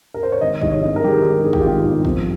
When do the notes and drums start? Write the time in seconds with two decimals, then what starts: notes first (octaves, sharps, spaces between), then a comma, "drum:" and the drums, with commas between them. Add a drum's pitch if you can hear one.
0.14 A#4
0.23 C5
0.32 C#5
0.41 G#1 D#5
0.61 G#2 D#3 G3 D#5, drum: kick
0.71 C#5
0.82 G#1 D#5
0.96 A#4
1.03 G#2 D#3 G3 G4
1.09 G#4
1.23 G#1
1.33 A#4
1.43 G#2 D#3 G3 G#4
1.53 G4, drum: kick
1.61 F4
1.64 G#1 G4
1.84 G#2 D#3 G3
2.05 F2, drum: kick